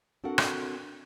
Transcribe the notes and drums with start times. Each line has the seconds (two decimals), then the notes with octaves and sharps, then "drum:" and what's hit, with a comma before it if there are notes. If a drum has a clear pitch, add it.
0.24 C4 D4 F#4 A4 A#4 F#5
0.38 drum: rim click